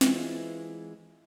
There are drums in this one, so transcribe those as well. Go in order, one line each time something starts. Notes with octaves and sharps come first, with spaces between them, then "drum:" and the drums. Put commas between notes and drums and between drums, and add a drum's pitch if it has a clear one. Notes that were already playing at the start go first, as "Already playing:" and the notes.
E3 G#3 E4 F4 C5, drum: snare